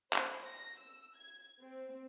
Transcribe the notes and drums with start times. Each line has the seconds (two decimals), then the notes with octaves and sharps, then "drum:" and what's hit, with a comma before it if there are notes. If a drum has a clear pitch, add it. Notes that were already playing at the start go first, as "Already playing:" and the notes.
0.13 C5, drum: clap
0.45 A#6
0.80 E6
1.16 G#6
1.63 C4